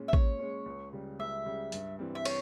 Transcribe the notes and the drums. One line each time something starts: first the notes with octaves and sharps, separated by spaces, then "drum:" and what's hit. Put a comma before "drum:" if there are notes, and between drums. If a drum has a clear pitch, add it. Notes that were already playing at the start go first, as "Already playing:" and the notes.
Already playing: A#2 G#3 C#4
E5
A#2 C#5, drum: kick
G#3 C#4
C#2
C#3 G3
C#2 E5
C#3 G3
G2, drum: hi-hat
E3 G3 C4
E5
C#5, drum: cymbal